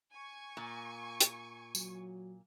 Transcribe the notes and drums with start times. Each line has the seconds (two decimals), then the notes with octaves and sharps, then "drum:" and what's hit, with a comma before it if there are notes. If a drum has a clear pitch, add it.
0.13 G#5 C#6
0.57 A#2
1.21 drum: hi-hat
1.75 F#3, drum: tambourine